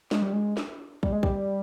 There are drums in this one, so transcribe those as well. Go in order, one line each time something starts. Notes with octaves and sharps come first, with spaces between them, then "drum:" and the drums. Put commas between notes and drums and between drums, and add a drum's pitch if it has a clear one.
G#3, drum: snare
G3
G#3
drum: snare
G3, drum: kick
G#3
G3, drum: kick